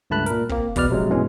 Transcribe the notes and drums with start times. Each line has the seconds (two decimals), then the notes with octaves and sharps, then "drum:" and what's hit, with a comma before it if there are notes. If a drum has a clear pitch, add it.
0.10 C#2 G2 A3 A5 B5 F#6
0.26 A#2 A#4, drum: hi-hat
0.49 A#3 C4, drum: kick
0.76 E2 B2 B4 D5 F6, drum: kick, open hi-hat
0.89 A#1 C3 F#3 G#3
1.10 G2 B2 E3 G#3 C#4